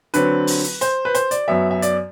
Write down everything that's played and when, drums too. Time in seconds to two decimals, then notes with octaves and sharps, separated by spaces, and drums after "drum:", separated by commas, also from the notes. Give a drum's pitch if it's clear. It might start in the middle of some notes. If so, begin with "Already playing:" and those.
0.14 D3 F#3 C4 B4, drum: hi-hat
0.47 drum: open hi-hat
0.64 drum: hi-hat
0.81 C5, drum: hi-hat
1.05 B4
1.15 C5, drum: hi-hat
1.31 D5, drum: hi-hat
1.48 F#2 F#3 B3 E5
1.71 E5
1.82 D5, drum: hi-hat